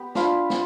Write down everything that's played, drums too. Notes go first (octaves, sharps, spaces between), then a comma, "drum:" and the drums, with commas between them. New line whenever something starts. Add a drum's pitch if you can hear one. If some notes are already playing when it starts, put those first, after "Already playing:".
Already playing: B3 G4
D4 F4 B4 F5, drum: snare
B3 F4, drum: snare